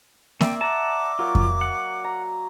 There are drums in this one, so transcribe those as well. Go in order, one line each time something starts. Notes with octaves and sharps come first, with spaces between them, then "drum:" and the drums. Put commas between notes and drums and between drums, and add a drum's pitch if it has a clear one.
A#3 D5 E5 G5 C6, drum: snare A#3
F#5 A5 A#5 D6
F#3 A#3 F4 F#4
drum: kick F2
F#5
A#5